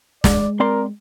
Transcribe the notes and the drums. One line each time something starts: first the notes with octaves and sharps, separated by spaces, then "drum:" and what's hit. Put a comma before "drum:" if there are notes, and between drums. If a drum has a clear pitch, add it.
G#3 D5, drum: snare
C4 A#4 D5 C6